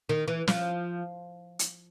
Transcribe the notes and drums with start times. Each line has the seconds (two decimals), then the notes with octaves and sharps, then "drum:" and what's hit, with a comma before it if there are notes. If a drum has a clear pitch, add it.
0.09 D#3
0.28 E3
0.48 F3, drum: snare
1.59 drum: hi-hat